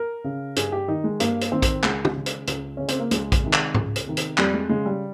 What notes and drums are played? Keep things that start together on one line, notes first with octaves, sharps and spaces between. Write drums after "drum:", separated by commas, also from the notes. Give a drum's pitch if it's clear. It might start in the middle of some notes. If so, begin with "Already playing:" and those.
Already playing: A#4
C#3
G2 G#4, drum: hi-hat
G4
D#3 D#4
G#3
G2 A#3, drum: hi-hat
drum: hi-hat
D#3 C4
drum: kick A#1, hi-hat
C#2 G#3, drum: clap
drum: tom
C#3
drum: hi-hat
C#2, drum: hi-hat
C#3 C#4
C4, drum: hi-hat
A#3
C#2 G#3, drum: hi-hat
drum: kick A#1, hi-hat
C3 D#3
drum: clap
C#2, drum: tom G#2
drum: hi-hat
C3 D#3
drum: hi-hat
F2 G3, drum: clap
G#3
C#3 G#3
G3